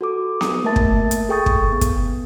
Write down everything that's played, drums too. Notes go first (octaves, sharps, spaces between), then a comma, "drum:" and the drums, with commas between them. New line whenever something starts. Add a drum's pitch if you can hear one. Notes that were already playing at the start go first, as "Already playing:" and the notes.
F#4 A4 D6
D#6, drum: snare B3
A3 A#3 A#4 E5 A5 A6
drum: kick
drum: hi-hat
G#4 A4 G5 C#6 D#6 A6
drum: kick
B3
drum: kick, hi-hat